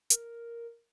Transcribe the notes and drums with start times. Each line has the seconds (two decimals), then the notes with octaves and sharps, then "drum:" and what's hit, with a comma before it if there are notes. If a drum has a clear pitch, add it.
0.10 A#4, drum: hi-hat